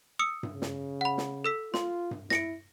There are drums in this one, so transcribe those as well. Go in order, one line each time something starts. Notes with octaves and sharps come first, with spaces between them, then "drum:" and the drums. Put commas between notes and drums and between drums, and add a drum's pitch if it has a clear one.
D#6 E6 C#7
drum: tom G2
C#3
drum: snare
F#5 B5
drum: snare
A4 E6 B6
F4 C6, drum: snare
drum: tom G2
E4 A#6 C#7 D7, drum: snare